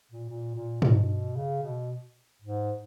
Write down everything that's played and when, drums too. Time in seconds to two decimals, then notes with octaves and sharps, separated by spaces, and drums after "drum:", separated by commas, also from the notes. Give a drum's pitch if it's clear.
0.11 A#2
0.29 A#2
0.55 A#2
0.82 B2, drum: tom
1.36 C#3
1.63 B2
2.42 G#2